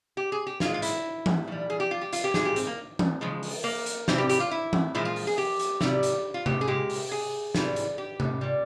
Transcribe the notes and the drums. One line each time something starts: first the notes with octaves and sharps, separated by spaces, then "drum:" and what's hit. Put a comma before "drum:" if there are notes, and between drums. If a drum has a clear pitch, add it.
G4
G#4
G4
A#2 G#3 F4, drum: snare
F4
E4, drum: hi-hat
drum: tom E3
A#2 G3
G#4
G4
F4
G4
F4, drum: hi-hat
G4
A#2 G#3 G#4, drum: snare
G4
C4, drum: hi-hat
A#3
drum: tom E3
C#3 F3 G#3
drum: open hi-hat
A#3
drum: hi-hat
C3 E3 G3 C4, drum: snare
G4
G4, drum: hi-hat
F4
E4
drum: tom E3
A#2 F3 G#3 E4
F4
drum: open hi-hat
G#4
G4
drum: hi-hat
C3 G3, drum: snare
drum: hi-hat
F4
G4, drum: tom C3
G#4
A#2 G#3 G4
drum: open hi-hat
G#4
C3 E3 G3, drum: snare
drum: hi-hat
G4
drum: tom C3
A#2 G3